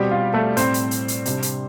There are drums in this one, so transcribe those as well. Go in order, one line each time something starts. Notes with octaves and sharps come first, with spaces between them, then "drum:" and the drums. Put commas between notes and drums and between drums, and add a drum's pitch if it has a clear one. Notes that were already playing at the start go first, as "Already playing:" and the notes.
Already playing: B2 G3 C4 G4
F4
A3 A4
A2 G3 C4 C5, drum: hi-hat
drum: hi-hat
drum: hi-hat
drum: hi-hat
C3 G3 D4, drum: hi-hat
drum: hi-hat